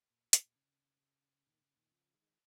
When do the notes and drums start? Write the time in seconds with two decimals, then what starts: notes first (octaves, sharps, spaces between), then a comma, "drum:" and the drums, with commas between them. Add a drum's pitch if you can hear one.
0.10 A#2
0.33 A#2, drum: hi-hat
0.45 A#2
0.56 C#3
1.46 A#2 D#3
1.61 C#3
1.76 A#2 D#3
1.91 C#3 F3
2.14 D#3 G#3